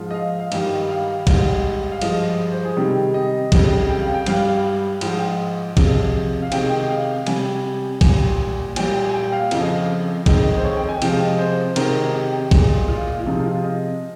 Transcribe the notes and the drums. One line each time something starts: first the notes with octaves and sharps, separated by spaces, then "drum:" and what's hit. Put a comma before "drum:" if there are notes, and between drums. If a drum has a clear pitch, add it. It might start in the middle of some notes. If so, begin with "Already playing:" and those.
Already playing: G#2 F3 G#3
D#5
F5
D#5
F5
G2 D#3 G3, drum: cymbal
D#5
F5
G#2 G3, drum: kick, cymbal
F5
G2 F3 G#3 D#5, drum: cymbal
C5
G#4
C3 D#3 G3
D#5
F2 C#3 G3, drum: kick, cymbal
G5
F5
G5
G2 G3 F5, drum: cymbal
G#2 F3 G#3 G5, drum: cymbal
C3 F3 G#3, drum: kick, cymbal
F5
C3 D#3 G#3 G5, drum: cymbal
G5
D#5
F5
C3 G3 G#5, drum: cymbal
A#2 G3 G#5, drum: kick, cymbal
A#2 G3 G5, drum: cymbal
G#5
G5
F5
F2 C#3 F3 D#5, drum: cymbal
F2 D#3 G#3, drum: kick, cymbal
C5
C#5
G5
G#5
C3 F3 G#3 G5, drum: cymbal
D#5
D#5
C5
C3 D#3 G#3 A#4, drum: cymbal
G4
A#2 G#3, drum: kick, cymbal
F4
F4
C3 F3 G#3 D#4
F4
D#5